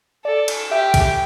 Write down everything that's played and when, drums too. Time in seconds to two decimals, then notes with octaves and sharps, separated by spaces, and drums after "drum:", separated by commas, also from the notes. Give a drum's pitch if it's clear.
0.25 A4 D5
0.48 drum: cymbal
0.70 G4 E5
0.94 drum: kick, cymbal